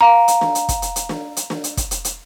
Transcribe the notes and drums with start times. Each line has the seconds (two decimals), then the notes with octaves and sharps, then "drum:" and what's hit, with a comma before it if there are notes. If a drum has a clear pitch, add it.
0.01 F5 A#5
0.28 drum: hi-hat
0.41 drum: snare
0.55 drum: hi-hat
0.69 drum: kick, hi-hat
0.82 drum: hi-hat
0.96 drum: hi-hat
1.09 drum: snare
1.37 drum: hi-hat
1.50 drum: snare
1.64 drum: hi-hat
1.77 drum: kick, hi-hat
1.91 drum: hi-hat
2.05 drum: hi-hat